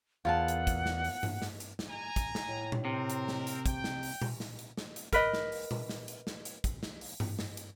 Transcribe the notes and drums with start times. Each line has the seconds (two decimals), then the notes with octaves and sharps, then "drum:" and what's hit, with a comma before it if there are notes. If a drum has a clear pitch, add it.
0.25 E2 F4 A#4 F#5 A5
0.48 drum: hi-hat
0.67 drum: kick, hi-hat
0.86 drum: snare
1.04 drum: open hi-hat
1.23 drum: tom G2
1.42 drum: snare
1.60 drum: hi-hat
1.79 drum: snare
1.89 G#5 A#5
2.16 drum: kick, hi-hat
2.35 drum: snare
2.47 A2
2.72 drum: tom A#2
2.85 C3 C4 A#4
3.10 drum: hi-hat
3.28 drum: snare
3.47 drum: hi-hat
3.66 G5, drum: kick, hi-hat
3.84 drum: snare
4.03 drum: open hi-hat
4.22 drum: tom A#2
4.40 drum: snare
4.59 drum: hi-hat
4.77 drum: snare
4.96 drum: hi-hat
5.13 A#4 B4 D#5, drum: kick, hi-hat
5.33 drum: snare
5.52 drum: open hi-hat
5.71 drum: tom A#2
5.89 drum: snare
6.08 drum: hi-hat
6.27 drum: snare
6.45 drum: hi-hat
6.64 drum: kick, hi-hat
6.83 drum: snare
7.01 drum: open hi-hat
7.20 drum: tom G2
7.39 drum: snare
7.57 drum: hi-hat